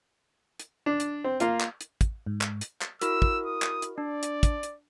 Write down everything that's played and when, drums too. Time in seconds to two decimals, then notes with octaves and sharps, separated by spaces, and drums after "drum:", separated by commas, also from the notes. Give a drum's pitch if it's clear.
0.60 drum: hi-hat
0.86 D4
1.00 drum: hi-hat
1.24 C4
1.40 A#3 F4, drum: hi-hat
1.60 drum: clap
1.81 drum: hi-hat
2.01 drum: kick, hi-hat
2.26 G#2
2.41 drum: clap
2.61 drum: hi-hat
2.81 drum: clap
3.02 E4 F#4 A#4 E6, drum: hi-hat
3.22 drum: kick
3.46 D#6
3.62 drum: clap
3.82 drum: hi-hat
3.98 D4 D5
4.23 drum: hi-hat
4.43 drum: kick, hi-hat
4.63 drum: hi-hat